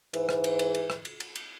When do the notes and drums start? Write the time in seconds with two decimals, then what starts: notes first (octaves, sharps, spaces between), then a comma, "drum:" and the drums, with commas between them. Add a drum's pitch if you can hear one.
0.13 G#2 E3, drum: cymbal
0.29 drum: rim click
0.44 drum: cymbal
0.59 drum: cymbal
0.74 drum: cymbal
0.90 drum: rim click
1.05 drum: cymbal
1.20 drum: cymbal
1.35 drum: cymbal